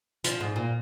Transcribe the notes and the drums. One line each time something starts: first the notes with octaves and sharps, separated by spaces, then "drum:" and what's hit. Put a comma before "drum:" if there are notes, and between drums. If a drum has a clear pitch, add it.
F3, drum: hi-hat
G#2
A#2